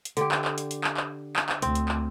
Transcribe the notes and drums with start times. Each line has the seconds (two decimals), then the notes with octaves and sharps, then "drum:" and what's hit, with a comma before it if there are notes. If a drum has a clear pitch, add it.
0.05 drum: hi-hat
0.17 D3 G4, drum: hi-hat
0.32 drum: clap
0.45 drum: clap
0.58 drum: hi-hat
0.71 drum: hi-hat
0.84 drum: clap
0.97 drum: clap
1.36 drum: clap
1.49 drum: clap
1.62 D2 C4, drum: hi-hat
1.75 drum: hi-hat
1.88 drum: clap